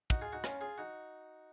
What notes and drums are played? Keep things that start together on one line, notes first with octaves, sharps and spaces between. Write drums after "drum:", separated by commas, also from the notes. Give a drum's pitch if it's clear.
D#4 F#4, drum: kick
F4 G#4
D#4 F#4
C#4 F4, drum: rim click
F4 G#4
D#4 F#4